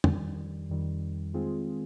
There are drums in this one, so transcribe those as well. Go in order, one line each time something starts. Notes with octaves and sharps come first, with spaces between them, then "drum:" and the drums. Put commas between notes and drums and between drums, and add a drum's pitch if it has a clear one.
F2 D#3 G3, drum: tom
F2 D#3 G3
D#3 G#3 C4 F4 G#4